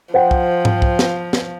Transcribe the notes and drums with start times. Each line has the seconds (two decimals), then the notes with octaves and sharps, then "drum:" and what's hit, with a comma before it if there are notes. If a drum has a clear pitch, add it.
0.14 F3 C5 F#5 G5
0.31 drum: kick
0.65 drum: tom G#2
0.82 drum: kick
0.99 drum: snare
1.33 drum: snare